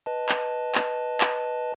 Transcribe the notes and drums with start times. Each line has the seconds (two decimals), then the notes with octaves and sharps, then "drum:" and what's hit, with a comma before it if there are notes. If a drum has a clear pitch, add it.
0.06 B4 D#5 A5
0.29 drum: clap
0.75 drum: clap
1.21 drum: clap